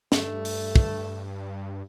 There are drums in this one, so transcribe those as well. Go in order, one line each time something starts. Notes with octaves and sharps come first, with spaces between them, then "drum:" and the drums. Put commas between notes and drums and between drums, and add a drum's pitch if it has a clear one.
G2 A3, drum: snare
drum: open hi-hat
drum: kick